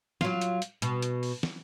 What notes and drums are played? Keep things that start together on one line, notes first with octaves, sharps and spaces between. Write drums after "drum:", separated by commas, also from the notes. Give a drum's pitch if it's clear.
F#3 F4, drum: snare
drum: hi-hat
drum: hi-hat
B2, drum: hi-hat
drum: hi-hat
drum: open hi-hat
drum: snare